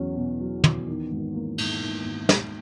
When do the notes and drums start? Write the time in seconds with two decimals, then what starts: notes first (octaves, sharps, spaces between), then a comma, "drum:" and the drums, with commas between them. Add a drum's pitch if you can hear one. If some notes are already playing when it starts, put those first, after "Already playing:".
Already playing: E2 F#3 C#4
0.16 B2
0.40 F#3
0.64 E2, drum: tom
0.87 D#3
1.11 G#1
1.34 A#3
1.58 G#2, drum: cymbal
1.81 D#3
2.05 G#1
2.29 D#3, drum: snare